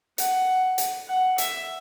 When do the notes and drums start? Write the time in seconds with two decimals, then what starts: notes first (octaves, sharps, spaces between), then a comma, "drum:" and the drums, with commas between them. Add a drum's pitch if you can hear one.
0.18 F#5, drum: hi-hat
0.78 drum: hi-hat
1.09 F#5
1.38 E5, drum: hi-hat